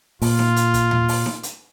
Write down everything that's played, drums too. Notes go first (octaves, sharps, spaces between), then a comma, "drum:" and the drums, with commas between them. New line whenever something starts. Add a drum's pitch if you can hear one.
A#2 F4, drum: open hi-hat
drum: snare D#4
drum: hi-hat
drum: kick, hi-hat
drum: tom
drum: open hi-hat
drum: snare D#4
drum: hi-hat